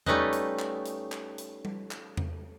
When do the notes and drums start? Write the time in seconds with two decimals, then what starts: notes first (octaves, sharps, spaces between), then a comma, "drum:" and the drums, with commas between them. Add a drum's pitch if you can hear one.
0.06 G3 A3 C#4 D#4 B4 D#5, drum: tom E2
0.33 drum: hi-hat
0.59 drum: clap
0.86 drum: hi-hat
1.12 drum: clap
1.38 drum: hi-hat
1.65 drum: tom G3
1.91 drum: clap
2.17 drum: tom E2